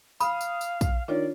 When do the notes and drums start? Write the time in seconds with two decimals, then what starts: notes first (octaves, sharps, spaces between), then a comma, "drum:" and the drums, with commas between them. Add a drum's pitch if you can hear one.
0.20 F5 B5 D#6, drum: tambourine
0.41 drum: tambourine
0.61 drum: tambourine
0.81 drum: kick, tambourine
1.08 D#3 D4 F4 C#5 D5